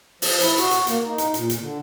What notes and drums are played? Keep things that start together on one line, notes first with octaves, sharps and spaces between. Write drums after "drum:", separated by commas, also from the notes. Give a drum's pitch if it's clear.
F3, drum: open hi-hat
E4, drum: hi-hat
F#4, drum: hi-hat
drum: hi-hat
A#3, drum: hi-hat
D#4
drum: hi-hat
A#2, drum: hi-hat
drum: hi-hat
D3